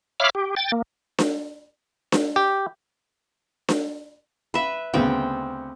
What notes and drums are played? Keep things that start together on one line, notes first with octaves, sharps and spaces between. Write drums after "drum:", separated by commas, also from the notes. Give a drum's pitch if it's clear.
C#5 E5 F5 B5 D6 F6
G4
G5 A6
A#3
drum: snare D4
drum: snare D4
G4
drum: snare D4
B4 E5 B5
D2 C#3 B3 C4 G5